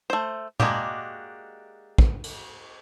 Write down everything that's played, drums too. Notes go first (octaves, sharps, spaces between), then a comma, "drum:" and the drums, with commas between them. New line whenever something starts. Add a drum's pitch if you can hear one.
A3 C5
G#3 A#3 D4 F#4 G4, drum: tom
drum: kick
drum: cymbal